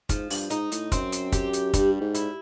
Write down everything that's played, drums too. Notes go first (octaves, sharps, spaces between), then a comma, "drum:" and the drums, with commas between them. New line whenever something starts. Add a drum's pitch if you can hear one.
G#2 F3, drum: kick, hi-hat
G2, drum: open hi-hat
G#2 D#4, drum: hi-hat
A2, drum: hi-hat
F#2 C4, drum: kick, hi-hat
drum: hi-hat
G4, drum: kick, hi-hat
drum: hi-hat
G2 G3, drum: kick, hi-hat
G#2
E4, drum: hi-hat